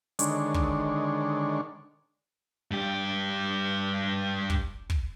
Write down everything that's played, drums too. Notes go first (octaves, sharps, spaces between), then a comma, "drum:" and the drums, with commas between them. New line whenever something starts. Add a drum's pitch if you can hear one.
D3 D#3 G#3 D4 C#5, drum: hi-hat
drum: kick
G2 G4
drum: kick
drum: kick